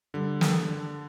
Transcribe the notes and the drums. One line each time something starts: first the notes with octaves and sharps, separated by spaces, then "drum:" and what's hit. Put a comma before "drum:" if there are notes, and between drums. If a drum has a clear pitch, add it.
D3 G3
A4, drum: snare
D4